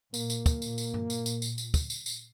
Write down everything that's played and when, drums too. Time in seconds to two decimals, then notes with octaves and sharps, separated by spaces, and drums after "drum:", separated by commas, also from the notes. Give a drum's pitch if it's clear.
0.14 A#2 A#3, drum: tambourine
0.30 drum: tambourine
0.46 drum: kick, tambourine
0.62 drum: tambourine
0.78 drum: tambourine
0.94 drum: tom G2
1.10 drum: tambourine
1.26 drum: tambourine
1.42 drum: tambourine
1.58 drum: tambourine
1.74 drum: kick, tambourine
1.90 drum: tambourine
2.06 drum: tambourine